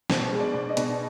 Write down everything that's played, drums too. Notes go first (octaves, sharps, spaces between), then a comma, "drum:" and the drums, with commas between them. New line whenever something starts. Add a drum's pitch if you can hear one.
B2 C5, drum: snare
G#3
D5
B2
D#5
B2, drum: hi-hat